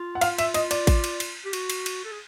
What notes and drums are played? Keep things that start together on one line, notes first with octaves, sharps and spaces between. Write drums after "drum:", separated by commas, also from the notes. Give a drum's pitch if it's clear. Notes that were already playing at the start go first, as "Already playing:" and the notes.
Already playing: F4
F#5
F5, drum: cymbal
E5, drum: cymbal
D#5, drum: cymbal
D5, drum: cymbal
drum: kick A1, cymbal
drum: cymbal
drum: cymbal
G4
F#4, drum: cymbal
drum: cymbal
drum: cymbal
A4
G#4